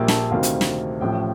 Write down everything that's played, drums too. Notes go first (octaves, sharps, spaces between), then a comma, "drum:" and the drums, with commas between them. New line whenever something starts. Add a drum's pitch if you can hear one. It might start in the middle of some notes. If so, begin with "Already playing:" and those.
Already playing: A#1 A#2 G3 A#3 F5 G5
A5, drum: snare
D2 C3 D#3 A3 C4 F5
drum: hi-hat
drum: snare
A1 A2 F3 G5